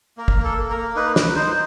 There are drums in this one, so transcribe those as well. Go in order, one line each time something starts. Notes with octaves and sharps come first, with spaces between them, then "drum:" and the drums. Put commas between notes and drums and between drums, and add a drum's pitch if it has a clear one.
A#3 A#4
drum: kick
A#3
A4
A#3
A#4
A#3
D#4 B4
D#4 B4, drum: snare
D#4 C5